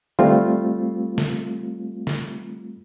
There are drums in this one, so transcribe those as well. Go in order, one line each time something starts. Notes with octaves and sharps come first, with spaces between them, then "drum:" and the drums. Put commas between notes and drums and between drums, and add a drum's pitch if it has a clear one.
G3 A3 C4 F4, drum: tom D3
drum: snare
drum: snare